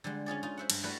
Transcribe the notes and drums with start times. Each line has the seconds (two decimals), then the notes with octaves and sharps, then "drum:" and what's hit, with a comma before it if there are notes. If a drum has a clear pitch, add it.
0.04 D3 G3 G#3
0.26 C#4 F4 G#4 D5
0.43 D#4 F4
0.57 C5 E5 F#5
0.70 G2, drum: cymbal
0.83 G3 A3 E4 F#4 A4 B4